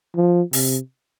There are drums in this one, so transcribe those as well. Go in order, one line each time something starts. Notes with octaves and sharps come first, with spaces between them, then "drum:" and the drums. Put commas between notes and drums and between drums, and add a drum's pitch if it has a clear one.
F3
C3, drum: open hi-hat